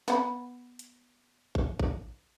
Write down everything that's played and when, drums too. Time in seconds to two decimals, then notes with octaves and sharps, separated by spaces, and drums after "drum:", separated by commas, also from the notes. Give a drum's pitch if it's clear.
0.08 B3 F#5 B5, drum: snare
0.79 drum: hi-hat
1.55 drum: kick A1
1.79 drum: kick A1